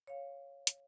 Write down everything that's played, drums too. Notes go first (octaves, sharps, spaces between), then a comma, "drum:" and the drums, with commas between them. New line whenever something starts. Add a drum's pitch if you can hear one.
C#5 F5
drum: hi-hat